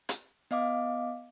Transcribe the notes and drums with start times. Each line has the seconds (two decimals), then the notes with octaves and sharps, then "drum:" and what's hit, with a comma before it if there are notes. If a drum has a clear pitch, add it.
0.09 drum: hi-hat
0.51 B3 D#5 F5 D6